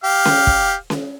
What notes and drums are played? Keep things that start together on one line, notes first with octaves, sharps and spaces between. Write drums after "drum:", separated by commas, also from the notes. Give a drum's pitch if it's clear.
G4 F5
drum: snare C#4
drum: kick
drum: snare C#4